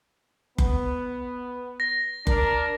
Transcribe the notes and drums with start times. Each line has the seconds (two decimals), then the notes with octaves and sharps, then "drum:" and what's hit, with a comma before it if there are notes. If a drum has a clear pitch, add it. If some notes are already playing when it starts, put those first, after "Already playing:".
0.58 B3, drum: kick F#1
1.80 A#6
2.27 D4 A#4, drum: kick F#1